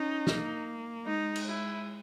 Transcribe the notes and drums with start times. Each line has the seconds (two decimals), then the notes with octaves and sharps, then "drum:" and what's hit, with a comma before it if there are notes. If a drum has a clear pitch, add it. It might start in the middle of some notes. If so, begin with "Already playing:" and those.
Already playing: C#4 D#4
0.27 A#3, drum: snare
1.06 G#3 D#4
1.36 drum: cymbal
1.47 E4